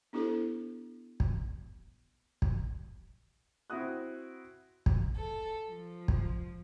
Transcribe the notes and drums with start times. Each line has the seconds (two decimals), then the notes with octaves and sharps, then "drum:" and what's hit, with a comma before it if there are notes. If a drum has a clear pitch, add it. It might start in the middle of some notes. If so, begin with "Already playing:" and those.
0.13 B3 D4 E4 G4 A4 C5
1.20 drum: kick
2.42 drum: kick
3.70 C4 E4 F#4 D#6 F#6
4.86 drum: kick
5.16 A4
5.68 F3
6.08 drum: kick